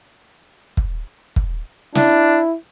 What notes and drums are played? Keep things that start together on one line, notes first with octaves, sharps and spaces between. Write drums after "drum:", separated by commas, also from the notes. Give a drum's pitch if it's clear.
drum: kick
drum: kick
D4 E4, drum: snare